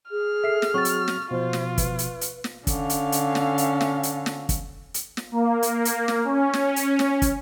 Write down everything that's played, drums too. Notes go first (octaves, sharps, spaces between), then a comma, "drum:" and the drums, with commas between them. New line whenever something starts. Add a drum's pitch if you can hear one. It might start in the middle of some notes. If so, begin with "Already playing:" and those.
G#4 F6
A4 E5 C7
drum: snare
F#3 C4 F#4 C#6 A6
drum: hi-hat
drum: snare
B2 F3 F4 C5
drum: snare
B4, drum: kick, hi-hat
drum: hi-hat
drum: hi-hat
drum: snare
D3 C#4 F5, drum: kick, hi-hat
drum: hi-hat
drum: hi-hat
drum: snare
drum: hi-hat
drum: snare
drum: hi-hat
drum: snare
drum: kick, hi-hat
drum: hi-hat
drum: snare
A#3
drum: hi-hat
drum: hi-hat
drum: snare
C#4
drum: snare
drum: hi-hat
drum: snare
drum: kick, hi-hat